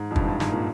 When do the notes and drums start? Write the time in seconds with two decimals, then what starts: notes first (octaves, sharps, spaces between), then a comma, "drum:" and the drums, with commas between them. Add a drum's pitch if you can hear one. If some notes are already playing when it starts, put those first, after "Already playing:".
Already playing: G#2
0.11 F2
0.16 G2, drum: kick
0.23 G#2
0.28 G2
0.40 G#2, drum: snare
0.52 A#2